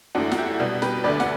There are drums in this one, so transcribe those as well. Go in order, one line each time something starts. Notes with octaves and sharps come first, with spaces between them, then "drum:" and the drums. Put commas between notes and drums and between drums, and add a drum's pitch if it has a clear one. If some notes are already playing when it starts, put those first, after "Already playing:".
F#2 E3 A3 D4 F#4
F#4, drum: snare
E4 G4
B2 G3 B3
G4 B4, drum: snare
D2 D3 A3 B4 D5
F#5, drum: snare